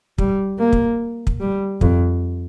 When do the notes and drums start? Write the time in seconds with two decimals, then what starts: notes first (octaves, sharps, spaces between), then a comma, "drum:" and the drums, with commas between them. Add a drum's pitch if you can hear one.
0.18 G3, drum: kick
0.59 A#3
0.73 drum: kick
1.27 drum: kick
1.40 G3
1.81 F2, drum: kick